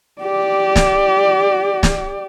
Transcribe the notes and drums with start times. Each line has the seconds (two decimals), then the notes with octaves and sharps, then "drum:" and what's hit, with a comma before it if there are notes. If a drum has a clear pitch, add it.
0.22 G4 D5
0.76 drum: snare
1.83 drum: snare